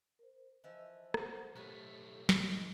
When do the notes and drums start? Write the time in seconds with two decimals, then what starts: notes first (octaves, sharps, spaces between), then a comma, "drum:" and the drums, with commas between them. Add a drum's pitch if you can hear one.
0.19 A#4 C5
0.64 E3 F3 D#5 E6
1.14 C5 F#5, drum: rim click
1.56 B1 A2 A3 G4 B4 G#5
2.29 drum: snare
2.47 G#2